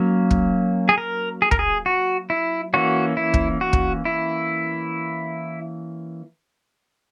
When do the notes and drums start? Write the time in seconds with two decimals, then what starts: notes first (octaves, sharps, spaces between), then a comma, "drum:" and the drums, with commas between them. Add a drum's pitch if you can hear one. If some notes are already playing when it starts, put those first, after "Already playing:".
Already playing: F#3 A#3 C#4
0.31 drum: kick
0.89 G#4
0.98 A#4
1.42 G#4
1.51 A#4, drum: kick
1.59 G#4
1.86 F#4
2.30 E4
2.74 E3 A#3 C#4 F#4
3.17 E4
3.34 drum: kick
3.61 F#4
3.73 drum: kick
4.05 E4